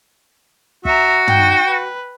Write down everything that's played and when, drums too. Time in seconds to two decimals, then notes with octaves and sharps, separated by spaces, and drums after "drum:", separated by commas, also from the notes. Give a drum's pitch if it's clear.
0.85 F#4 E5 A#5, drum: kick
1.27 D#4 G5, drum: tom
1.67 B4